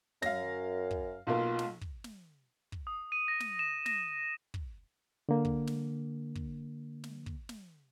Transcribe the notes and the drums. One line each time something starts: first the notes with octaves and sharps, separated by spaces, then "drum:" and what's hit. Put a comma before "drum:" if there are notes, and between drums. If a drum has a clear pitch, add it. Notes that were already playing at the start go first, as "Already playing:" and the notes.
F#2 F5 A#6, drum: snare
drum: kick
B1 B2 A#3 F4
drum: snare
drum: kick
drum: snare
drum: kick
D#6
D#7
A#6
drum: snare
E7
A#6, drum: snare
drum: kick
D3 A#3
drum: kick
drum: snare
drum: kick
drum: snare
drum: kick
drum: snare